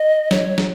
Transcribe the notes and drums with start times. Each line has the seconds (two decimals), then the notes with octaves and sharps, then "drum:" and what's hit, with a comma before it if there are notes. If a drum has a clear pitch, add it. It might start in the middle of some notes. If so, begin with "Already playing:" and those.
Already playing: D#5
0.31 C#5, drum: snare
0.58 drum: snare